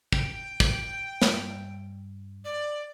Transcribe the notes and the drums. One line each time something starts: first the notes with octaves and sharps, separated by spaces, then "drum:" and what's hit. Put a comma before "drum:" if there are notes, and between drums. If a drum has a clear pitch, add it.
G5, drum: kick
drum: kick
G2, drum: snare
D5